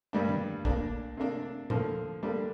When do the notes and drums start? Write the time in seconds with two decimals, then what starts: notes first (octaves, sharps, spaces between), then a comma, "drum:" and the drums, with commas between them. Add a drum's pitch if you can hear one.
0.13 G2 G3 A#3 D4
0.29 drum: tom
0.65 A#2 A#3 D4, drum: kick
1.17 C3 A#3 D4
1.70 D3 F3 A#3, drum: tom A2
2.23 D3 G3 A#3 D4